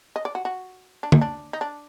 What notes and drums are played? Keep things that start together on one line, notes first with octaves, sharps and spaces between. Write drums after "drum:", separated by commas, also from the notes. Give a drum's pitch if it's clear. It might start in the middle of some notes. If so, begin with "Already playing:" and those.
D#5
D5
F#4
F#4
D4
D#4, drum: tom
D4
D#4
D4